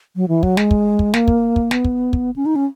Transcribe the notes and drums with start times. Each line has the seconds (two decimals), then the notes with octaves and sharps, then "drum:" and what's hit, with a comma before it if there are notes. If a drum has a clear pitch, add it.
0.16 F#3
0.28 E3
0.43 F#3, drum: kick
0.57 G#3, drum: snare
0.71 drum: kick
0.99 drum: kick
1.14 A#3, drum: snare
1.28 drum: kick
1.56 drum: kick
1.71 B3, drum: snare
1.85 drum: kick
2.13 drum: kick
2.36 C#4
2.46 D#4
2.56 C#4